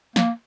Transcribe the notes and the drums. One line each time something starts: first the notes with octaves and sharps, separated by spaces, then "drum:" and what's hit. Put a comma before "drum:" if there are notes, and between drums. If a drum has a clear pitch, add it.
A#3, drum: snare